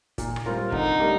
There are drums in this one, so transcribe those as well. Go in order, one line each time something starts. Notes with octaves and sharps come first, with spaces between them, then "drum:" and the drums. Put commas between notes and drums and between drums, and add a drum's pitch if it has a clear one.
A#2, drum: kick G1, hi-hat
drum: rim click
G3 C4 F4 A#4
D3 D#4, drum: kick G1
G3 A#3 D4 G4